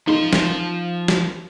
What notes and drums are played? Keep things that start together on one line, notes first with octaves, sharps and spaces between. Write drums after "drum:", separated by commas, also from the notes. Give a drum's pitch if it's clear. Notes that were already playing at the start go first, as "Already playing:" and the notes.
F3 D#4 C6
drum: snare
drum: snare